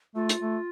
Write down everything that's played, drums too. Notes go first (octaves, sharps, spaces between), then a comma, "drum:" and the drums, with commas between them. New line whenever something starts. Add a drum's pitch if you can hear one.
A3 F4
drum: hi-hat
A3